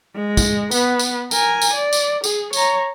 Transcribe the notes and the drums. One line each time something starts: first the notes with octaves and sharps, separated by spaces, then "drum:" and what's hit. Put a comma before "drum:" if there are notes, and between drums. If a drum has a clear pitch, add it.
G#3
drum: kick, tambourine
B3 B4, drum: tambourine
drum: tambourine
A#4 G#5, drum: tambourine
drum: tambourine
D5
drum: tambourine
G#4, drum: tambourine
C#5 A#5, drum: tambourine